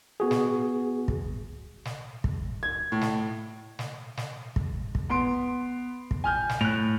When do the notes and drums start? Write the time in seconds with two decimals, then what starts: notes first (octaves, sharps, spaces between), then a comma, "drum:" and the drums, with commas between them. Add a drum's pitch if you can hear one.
0.20 B3 F#4 G#4
0.31 drum: snare
1.08 drum: kick
1.85 drum: snare
2.24 drum: kick
2.63 G#6
2.92 A2
3.01 drum: snare
3.79 drum: snare
4.17 drum: snare
4.56 drum: kick
4.95 drum: kick
5.10 B3 C6 D7
6.11 drum: kick
6.24 G#5 F6 G6
6.49 drum: snare
6.61 A2 F#6 F7